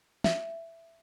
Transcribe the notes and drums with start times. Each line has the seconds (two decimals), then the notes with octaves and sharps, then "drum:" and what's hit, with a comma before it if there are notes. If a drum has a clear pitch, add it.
0.24 E5, drum: snare